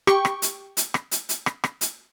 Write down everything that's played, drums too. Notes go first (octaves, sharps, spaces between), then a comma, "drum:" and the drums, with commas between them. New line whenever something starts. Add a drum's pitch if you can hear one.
G4 G5 C#6, drum: rim click
drum: rim click
drum: hi-hat
drum: hi-hat
drum: rim click
drum: hi-hat
drum: hi-hat
drum: rim click
drum: rim click
drum: hi-hat